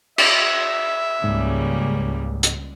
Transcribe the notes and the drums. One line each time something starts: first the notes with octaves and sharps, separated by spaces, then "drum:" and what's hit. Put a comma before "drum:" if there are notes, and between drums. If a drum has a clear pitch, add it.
E5, drum: cymbal
C#2 G#2 C#3 G3 A#3
drum: hi-hat